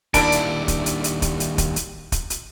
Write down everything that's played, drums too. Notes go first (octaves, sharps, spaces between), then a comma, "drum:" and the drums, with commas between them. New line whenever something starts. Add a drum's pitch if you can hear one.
D#2 G3 A#3 D4 E4 A5 B5 D7, drum: kick, hi-hat
drum: hi-hat
drum: kick, hi-hat
drum: hi-hat
drum: hi-hat
drum: kick, hi-hat
drum: hi-hat
drum: kick, hi-hat
drum: hi-hat
drum: kick, hi-hat
drum: hi-hat